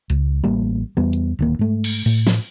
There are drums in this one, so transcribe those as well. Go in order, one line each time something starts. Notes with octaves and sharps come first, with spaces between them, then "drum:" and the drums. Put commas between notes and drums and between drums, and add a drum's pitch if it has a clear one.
C#2, drum: hi-hat
A1 G3 A#3
E2 G3 B3
drum: hi-hat
D1 D#3 A#3
G#2 A3
drum: cymbal
A2
drum: snare